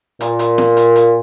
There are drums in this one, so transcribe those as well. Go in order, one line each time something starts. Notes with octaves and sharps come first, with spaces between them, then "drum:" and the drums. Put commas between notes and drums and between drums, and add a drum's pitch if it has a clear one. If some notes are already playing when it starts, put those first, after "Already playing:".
A#2, drum: hi-hat
drum: hi-hat
drum: snare
drum: hi-hat
drum: hi-hat